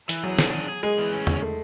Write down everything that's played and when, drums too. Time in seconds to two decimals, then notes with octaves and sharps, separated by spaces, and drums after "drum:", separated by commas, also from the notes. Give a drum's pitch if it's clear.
0.09 E3, drum: hi-hat
0.23 F#3 G#4
0.39 D4, drum: snare
0.53 G#4
0.68 G#4
0.83 G#3 G#4
0.98 E3
1.13 C#4
1.27 E2, drum: tom
1.42 A3